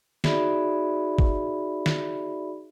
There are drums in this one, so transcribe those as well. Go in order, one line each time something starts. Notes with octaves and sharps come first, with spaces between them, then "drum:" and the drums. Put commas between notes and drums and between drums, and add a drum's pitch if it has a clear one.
D#4 F#4 G#4 D5 E5 B5, drum: snare
drum: kick G#1
drum: snare